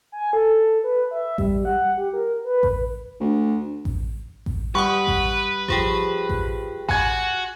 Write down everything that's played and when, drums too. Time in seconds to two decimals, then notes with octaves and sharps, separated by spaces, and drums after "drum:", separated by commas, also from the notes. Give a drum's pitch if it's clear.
0.12 G#5
0.33 A4
0.84 B4
1.11 E5
1.38 G3, drum: kick A1
1.65 F#5
1.97 G4
2.13 A#4
2.44 B4
2.63 drum: kick A1
3.20 D2
3.85 drum: kick A1
4.46 drum: kick A1
4.75 G3 B4 F#5 C#6 D#6
5.07 drum: kick A1
5.68 F3 G4 G#4 G5, drum: kick A1
6.29 drum: kick A1
6.89 F#4 G#5 G#6, drum: kick A1